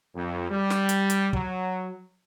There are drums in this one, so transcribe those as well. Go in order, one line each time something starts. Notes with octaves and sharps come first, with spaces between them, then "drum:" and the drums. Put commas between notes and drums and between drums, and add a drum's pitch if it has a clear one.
F2
G3
drum: snare
drum: hi-hat
drum: hi-hat
F#3, drum: kick